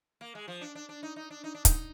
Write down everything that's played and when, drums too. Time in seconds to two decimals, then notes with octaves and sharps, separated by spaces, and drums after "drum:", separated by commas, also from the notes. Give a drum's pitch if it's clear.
0.21 A#3
0.35 G#3
0.48 F3
0.61 D4
0.75 D4
0.89 D4
1.03 D#4
1.16 D#4
1.30 D4
1.44 D#4
1.55 D4
1.65 D#4, drum: kick, hi-hat